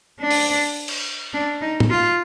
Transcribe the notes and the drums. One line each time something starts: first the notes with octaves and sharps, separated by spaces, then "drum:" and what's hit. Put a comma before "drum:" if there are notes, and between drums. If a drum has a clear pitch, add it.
D4
drum: open hi-hat
drum: cymbal
D4
D#4
drum: tom
F4